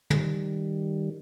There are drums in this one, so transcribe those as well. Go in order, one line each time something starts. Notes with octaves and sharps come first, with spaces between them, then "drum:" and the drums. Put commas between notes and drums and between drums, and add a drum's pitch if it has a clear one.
D#3 G3, drum: tom